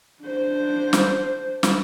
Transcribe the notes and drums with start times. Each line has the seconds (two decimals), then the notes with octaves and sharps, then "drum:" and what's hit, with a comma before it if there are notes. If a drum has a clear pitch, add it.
0.23 D4 C5
0.93 drum: snare
1.63 drum: snare